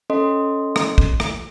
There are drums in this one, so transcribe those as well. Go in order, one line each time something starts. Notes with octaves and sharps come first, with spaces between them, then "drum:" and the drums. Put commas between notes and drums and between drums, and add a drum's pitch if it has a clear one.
C#4 A4 D#5 C6
drum: rim click
drum: kick
drum: rim click